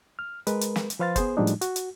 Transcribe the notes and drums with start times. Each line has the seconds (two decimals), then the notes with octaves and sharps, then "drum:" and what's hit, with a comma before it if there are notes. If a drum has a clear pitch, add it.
0.19 F6
0.47 G#3 A#4 B4, drum: hi-hat
0.61 drum: hi-hat
0.76 drum: snare
0.90 drum: hi-hat
0.99 F3 B4 C5 F5 C6 A6
1.16 B3 G#4 C5, drum: kick, hi-hat
1.37 A2 F3 G3 G#3 D4 D#4
1.47 drum: hi-hat
1.61 F#4, drum: hi-hat
1.76 drum: hi-hat